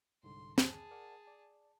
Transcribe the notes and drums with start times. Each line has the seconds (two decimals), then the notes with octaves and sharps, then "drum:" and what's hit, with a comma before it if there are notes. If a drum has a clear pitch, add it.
0.23 C2 G#2 D3 C6
0.58 G#4 A5, drum: snare
0.91 A#4 D5 F#5
1.27 D5